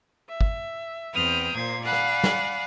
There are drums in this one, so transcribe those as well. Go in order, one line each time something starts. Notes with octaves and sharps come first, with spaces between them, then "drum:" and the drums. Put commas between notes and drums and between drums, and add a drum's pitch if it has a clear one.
E5
drum: kick
E2 C4 B4 G5 D#6 F6
A#2 A#3 C5 G#6
D5 F5 F#5 G#5 B5
drum: rim click
drum: snare